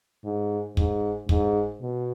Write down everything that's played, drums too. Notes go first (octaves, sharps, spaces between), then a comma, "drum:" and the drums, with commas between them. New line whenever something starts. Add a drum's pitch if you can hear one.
G#2
G#2, drum: kick
G#2, drum: kick
B2